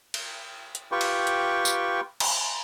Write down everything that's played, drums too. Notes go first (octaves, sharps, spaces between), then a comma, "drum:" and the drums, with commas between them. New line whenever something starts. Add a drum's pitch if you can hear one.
drum: cymbal
drum: hi-hat
F4 G4 B4 G5 C#6
drum: cymbal
drum: hi-hat
drum: tambourine
drum: cymbal